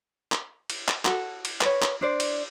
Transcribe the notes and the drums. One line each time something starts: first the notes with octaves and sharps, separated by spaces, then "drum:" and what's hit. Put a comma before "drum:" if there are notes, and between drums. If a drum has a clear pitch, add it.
drum: clap
drum: cymbal
drum: clap
F#4 A4, drum: clap
drum: cymbal
B4 C#5, drum: clap
drum: clap
D4 C5 D5
drum: cymbal